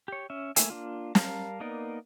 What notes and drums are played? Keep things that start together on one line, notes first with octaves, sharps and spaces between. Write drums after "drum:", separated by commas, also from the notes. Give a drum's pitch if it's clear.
G4 C#5
C#4 E5
A3 A#3 E5 G#5, drum: hi-hat
A#3 D4 F4
G3 A#4 F5 A5, drum: snare
A#3 B3 D#4 A#4 D5